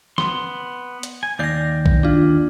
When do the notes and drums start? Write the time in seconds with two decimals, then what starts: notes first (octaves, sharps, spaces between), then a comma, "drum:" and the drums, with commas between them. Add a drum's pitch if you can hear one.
0.18 B3 C6, drum: snare
1.03 drum: hi-hat
1.23 G#5
1.39 D#2 D5 F5 G6 A#6
1.86 drum: kick B1
2.03 D4 F4